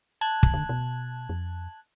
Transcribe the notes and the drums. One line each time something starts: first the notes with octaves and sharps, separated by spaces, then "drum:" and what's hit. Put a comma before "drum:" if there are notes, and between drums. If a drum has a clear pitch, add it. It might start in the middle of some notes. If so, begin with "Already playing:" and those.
A5 F#6 G#6
drum: kick
D3
B2
F2